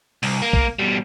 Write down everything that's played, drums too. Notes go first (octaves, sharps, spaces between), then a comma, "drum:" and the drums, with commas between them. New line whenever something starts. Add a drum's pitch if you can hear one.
C2, drum: open hi-hat
A#3
drum: kick
B2 G3